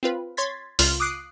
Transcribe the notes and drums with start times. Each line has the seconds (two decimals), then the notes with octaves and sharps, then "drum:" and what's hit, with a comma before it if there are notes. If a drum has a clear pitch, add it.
0.03 C4 F4 B4
0.37 C#5 C6 G#6 A6 B6
0.79 C#2 F4, drum: open hi-hat
1.00 D6 D#6 F#6 C7 D7